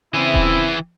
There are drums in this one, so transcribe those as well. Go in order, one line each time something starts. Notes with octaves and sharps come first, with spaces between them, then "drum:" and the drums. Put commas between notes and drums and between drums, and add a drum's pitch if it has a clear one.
C#3 E3 C4 E4 G#4
drum: kick D#1